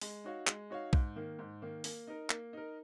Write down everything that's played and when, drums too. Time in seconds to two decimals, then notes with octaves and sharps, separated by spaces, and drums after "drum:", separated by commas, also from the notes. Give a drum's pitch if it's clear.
0.01 G#3, drum: open hi-hat
0.24 D#4 F#4 C#5 F5
0.47 G#3, drum: clap
0.70 D#4 F#4 C#5 F5
0.93 G#2, drum: kick B1
1.16 D#3 A#3
1.39 G#2
1.62 D#3 A#3
1.84 A#3, drum: open hi-hat
2.07 D#4 A#4
2.30 A#3, drum: clap
2.53 D#4 A#4